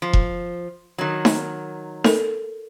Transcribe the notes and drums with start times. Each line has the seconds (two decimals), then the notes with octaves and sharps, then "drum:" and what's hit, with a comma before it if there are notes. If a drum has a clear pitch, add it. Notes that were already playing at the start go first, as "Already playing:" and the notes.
0.02 F3
0.13 drum: kick E1
0.98 D#3 F#3
1.25 drum: snare D#4
2.04 A4 A#4, drum: snare D#4